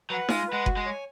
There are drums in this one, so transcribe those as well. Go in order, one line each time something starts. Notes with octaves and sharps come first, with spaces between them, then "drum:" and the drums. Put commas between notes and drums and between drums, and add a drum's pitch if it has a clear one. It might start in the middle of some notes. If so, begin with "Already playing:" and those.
F#3 B4 F#5
G#3 F4, drum: snare D#4
G#3 B4 F#5
F#4, drum: kick F#1
G#3
C#5 G#5